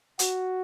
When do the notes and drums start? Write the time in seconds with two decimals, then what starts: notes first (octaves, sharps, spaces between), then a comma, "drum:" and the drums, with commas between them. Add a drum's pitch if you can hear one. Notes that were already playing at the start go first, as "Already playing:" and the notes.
0.19 F#4, drum: hi-hat